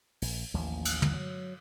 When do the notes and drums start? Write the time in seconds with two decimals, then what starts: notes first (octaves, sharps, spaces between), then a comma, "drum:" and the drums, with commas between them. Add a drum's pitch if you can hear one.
0.22 A#1, drum: open hi-hat
0.54 A1 D#2 F3 A#3
0.85 drum: cymbal
1.02 drum: tom
1.14 F#3